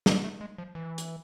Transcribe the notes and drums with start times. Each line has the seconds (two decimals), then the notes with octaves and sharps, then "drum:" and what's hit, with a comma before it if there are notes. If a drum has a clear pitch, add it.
0.06 C4, drum: snare
0.24 A3
0.41 G#3
0.58 F3
0.75 E3
0.98 drum: hi-hat